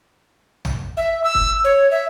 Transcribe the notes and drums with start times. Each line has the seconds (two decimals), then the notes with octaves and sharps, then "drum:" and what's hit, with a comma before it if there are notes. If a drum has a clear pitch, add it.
0.65 drum: tom A#1
0.97 E5
1.24 E6
1.35 drum: kick
1.64 C#5
1.91 E5